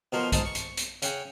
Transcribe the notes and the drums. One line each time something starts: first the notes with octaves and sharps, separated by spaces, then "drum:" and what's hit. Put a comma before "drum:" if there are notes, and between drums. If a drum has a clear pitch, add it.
B2 F3 F#4 A#4 C6
G#2 D#4 A5, drum: kick B1, hi-hat
C#6
drum: hi-hat
drum: hi-hat
C#3 F#5 G5, drum: hi-hat